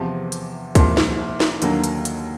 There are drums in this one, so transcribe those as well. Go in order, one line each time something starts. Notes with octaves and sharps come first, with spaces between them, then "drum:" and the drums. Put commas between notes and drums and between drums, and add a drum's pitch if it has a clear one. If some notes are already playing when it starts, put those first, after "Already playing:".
Already playing: E2 C3 F3
drum: hi-hat
C2 A#2 F3 G#3, drum: kick C2, hi-hat
drum: snare
drum: snare
D#2 D3 F#3 A#3, drum: hi-hat
drum: hi-hat
drum: hi-hat